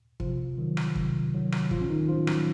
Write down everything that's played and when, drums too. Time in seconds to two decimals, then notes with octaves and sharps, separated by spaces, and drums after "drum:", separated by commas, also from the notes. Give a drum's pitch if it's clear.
0.20 C3 F3 F4, drum: kick
0.58 D#3 F#3
0.77 drum: rim click
0.96 C3, drum: kick
1.33 D#3 F#3
1.52 drum: rim click
1.71 A2 F3 F4, drum: kick
1.81 C#4
1.90 D#3 D#4
2.08 F3 F#3 F4
2.27 F#3 F#4, drum: rim click